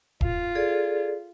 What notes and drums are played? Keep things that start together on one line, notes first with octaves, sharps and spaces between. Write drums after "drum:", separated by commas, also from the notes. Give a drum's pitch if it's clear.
F4, drum: kick
G#4 A4 D5